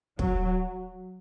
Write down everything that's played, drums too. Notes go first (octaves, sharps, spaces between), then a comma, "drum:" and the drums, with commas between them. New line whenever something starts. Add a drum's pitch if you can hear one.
F#3, drum: kick